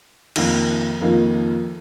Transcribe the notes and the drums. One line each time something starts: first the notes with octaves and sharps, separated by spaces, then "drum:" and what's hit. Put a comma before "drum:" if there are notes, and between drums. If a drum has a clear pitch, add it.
F2 D#3 A#3 F4, drum: cymbal
F2 D#3 A#3 F4